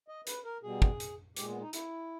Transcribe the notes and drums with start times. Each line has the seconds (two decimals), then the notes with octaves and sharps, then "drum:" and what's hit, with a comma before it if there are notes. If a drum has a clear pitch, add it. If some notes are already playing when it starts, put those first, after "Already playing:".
0.08 D#5
0.27 B4, drum: hi-hat
0.45 A#4
0.63 B2 G3 G#4
0.82 drum: kick
1.00 drum: hi-hat
1.37 A#2 G#3 G4, drum: hi-hat
1.49 B3
1.62 D#4
1.73 E4, drum: hi-hat